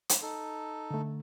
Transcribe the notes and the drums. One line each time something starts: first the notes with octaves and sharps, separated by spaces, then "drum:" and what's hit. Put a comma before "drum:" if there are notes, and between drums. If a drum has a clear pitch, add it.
drum: hi-hat
D#4 A4
D3 A3